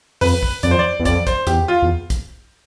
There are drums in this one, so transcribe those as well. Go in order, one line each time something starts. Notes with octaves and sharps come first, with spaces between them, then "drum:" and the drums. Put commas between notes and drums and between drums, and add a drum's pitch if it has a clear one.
F2 B4, drum: open hi-hat
drum: kick
F2 D5, drum: hi-hat
C5
D5
E2
F2 D5, drum: kick, hi-hat
C5, drum: kick, hi-hat
E2 G4, drum: hi-hat
F4
E2
drum: kick, hi-hat